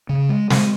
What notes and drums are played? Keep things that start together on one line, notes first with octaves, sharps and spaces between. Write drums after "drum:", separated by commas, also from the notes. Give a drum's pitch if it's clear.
C#3
G#3
G#3, drum: snare